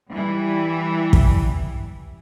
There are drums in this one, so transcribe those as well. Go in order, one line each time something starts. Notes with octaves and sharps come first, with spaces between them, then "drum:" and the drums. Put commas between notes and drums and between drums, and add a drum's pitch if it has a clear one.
E3 G3
drum: kick